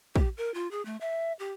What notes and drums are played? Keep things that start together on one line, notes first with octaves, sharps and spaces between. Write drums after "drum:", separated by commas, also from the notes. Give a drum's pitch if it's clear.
G4, drum: kick
A#4
F4
G#4
A3
E5
G4